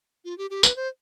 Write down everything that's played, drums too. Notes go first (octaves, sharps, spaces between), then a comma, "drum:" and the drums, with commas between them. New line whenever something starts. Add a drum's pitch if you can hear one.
F4
G4
G4
B4, drum: tambourine
C5